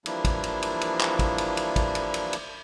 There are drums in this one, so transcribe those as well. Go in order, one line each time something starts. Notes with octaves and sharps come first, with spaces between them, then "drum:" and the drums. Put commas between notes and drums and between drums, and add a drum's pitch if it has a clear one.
E3 F3 G3 A#3 D4 E4, drum: cymbal
drum: kick, cymbal
drum: cymbal
drum: cymbal
drum: cymbal
drum: clap
drum: kick, cymbal
drum: cymbal
drum: cymbal
drum: kick, cymbal
drum: cymbal
drum: cymbal
drum: cymbal